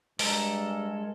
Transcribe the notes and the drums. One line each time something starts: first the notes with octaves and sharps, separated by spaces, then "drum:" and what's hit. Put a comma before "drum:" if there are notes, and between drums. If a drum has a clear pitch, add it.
G2 G#3 A4 A#4 D5, drum: open hi-hat